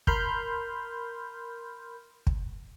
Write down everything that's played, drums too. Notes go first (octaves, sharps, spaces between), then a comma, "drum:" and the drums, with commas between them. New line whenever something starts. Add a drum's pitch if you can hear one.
A#4 B5 C6 F6 G6, drum: kick
drum: kick